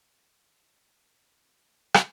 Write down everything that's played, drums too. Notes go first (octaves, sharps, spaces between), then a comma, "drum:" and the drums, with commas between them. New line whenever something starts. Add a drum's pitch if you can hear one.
G#2
F#3 E4 C#5 E5
G#2
F#3 E4 C#5 E5
G#2
F#3 E4 C#5 E5
G#2
F#3 E4 C#5 E5
F#3
drum: rim click